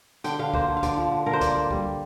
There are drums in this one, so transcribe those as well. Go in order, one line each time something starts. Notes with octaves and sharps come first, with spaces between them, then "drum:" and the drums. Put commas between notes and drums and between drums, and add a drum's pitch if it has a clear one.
D3 G5, drum: hi-hat
D3 F5
A#3 C5, drum: kick
D3
F5
D3 D5, drum: kick, hi-hat
F3
D3
D3 A#4
C5
A#3 D5, drum: kick, hi-hat
A#3
G3, drum: kick